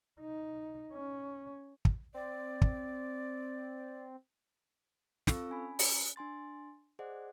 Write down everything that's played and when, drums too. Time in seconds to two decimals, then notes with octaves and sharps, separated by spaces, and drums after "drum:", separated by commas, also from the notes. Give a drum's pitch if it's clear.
0.20 D#4
0.92 C#4
1.85 drum: kick
2.14 C4 D5
2.62 drum: kick
5.27 C4 F4 A4 F5 C#6 E6, drum: snare
5.50 C#4 G#5 B5
5.79 drum: open hi-hat
6.16 D4 G#5 C6 A6
6.99 G#4 C5 D5 D#5 F#5